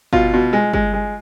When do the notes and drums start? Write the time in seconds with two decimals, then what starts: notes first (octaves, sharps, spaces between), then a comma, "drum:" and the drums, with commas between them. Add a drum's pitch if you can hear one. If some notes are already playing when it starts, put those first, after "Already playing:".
0.13 B2 F4, drum: kick G1
0.33 B2
0.53 G#3
0.73 G#3, drum: kick G1
0.93 G#3